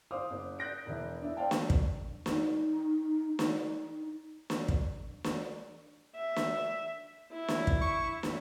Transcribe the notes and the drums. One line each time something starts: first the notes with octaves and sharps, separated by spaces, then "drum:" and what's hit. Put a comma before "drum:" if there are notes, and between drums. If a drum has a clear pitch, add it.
C5 F5 D6 D#6
F#1
F#6 G6 A#6 D7
E1 E3
D4 E4
C5 D5 F5 G5 A5
drum: snare
drum: kick
D#4, drum: snare
D#4, drum: snare
drum: snare
drum: kick
drum: snare
E5
drum: snare
E4
drum: snare
drum: kick
C#6
drum: snare